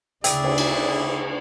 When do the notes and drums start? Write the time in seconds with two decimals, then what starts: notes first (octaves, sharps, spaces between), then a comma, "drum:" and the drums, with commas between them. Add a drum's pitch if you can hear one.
0.24 D2 C#3 D4 E4 G#4 D5 G5, drum: hi-hat
0.44 drum: cymbal
0.58 drum: cymbal